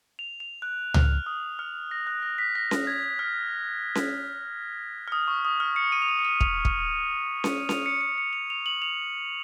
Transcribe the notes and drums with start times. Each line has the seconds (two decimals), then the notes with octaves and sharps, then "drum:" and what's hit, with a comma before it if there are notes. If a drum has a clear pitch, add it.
0.19 F7
0.40 F7
0.62 F#6
0.94 F6, drum: tom C#2
1.26 D#6
1.59 F6
1.91 A#6
2.07 F#6
2.22 A#6
2.38 B6
2.55 A#6
2.71 drum: snare C#4
2.87 G#6
3.19 F6
3.95 drum: snare C#4
5.08 F6
5.12 D#6
5.28 C#6
5.45 D#6
5.60 F6
5.76 C#7
5.92 D#7
6.02 F7
6.09 D#7
6.19 C#7
6.25 D#7
6.41 F7, drum: kick
6.65 drum: kick
7.44 drum: snare C#4
7.69 F7, drum: snare C#4
7.86 C#7
8.01 C#7
8.18 C#7
8.33 F7
8.50 F7
8.66 F#7
8.82 F7